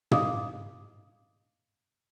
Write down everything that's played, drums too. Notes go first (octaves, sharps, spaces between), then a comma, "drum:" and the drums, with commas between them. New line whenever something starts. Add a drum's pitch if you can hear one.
D#5 F5 D6 D#6, drum: tom